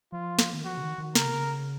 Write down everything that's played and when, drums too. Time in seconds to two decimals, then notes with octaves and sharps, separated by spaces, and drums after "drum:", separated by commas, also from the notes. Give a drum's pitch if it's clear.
0.12 F3 F4
0.39 drum: snare
0.53 D#3
0.65 F3 F#4
0.78 C#3
0.82 D#3
0.98 D#3
1.15 C#3 A#4, drum: snare
1.24 C3
1.33 C#3